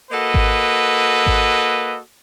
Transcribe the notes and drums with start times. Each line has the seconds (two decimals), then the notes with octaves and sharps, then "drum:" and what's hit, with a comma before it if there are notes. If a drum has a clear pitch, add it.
0.11 A#3 F#4 A4 B4 D#5
0.34 drum: kick G#1
1.26 drum: kick G#1